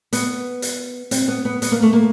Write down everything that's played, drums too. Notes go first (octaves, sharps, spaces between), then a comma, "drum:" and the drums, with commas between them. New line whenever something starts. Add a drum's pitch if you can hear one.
B3, drum: hi-hat
drum: hi-hat
C4, drum: hi-hat
B3
B3
B3, drum: hi-hat
A#3
A3
A#3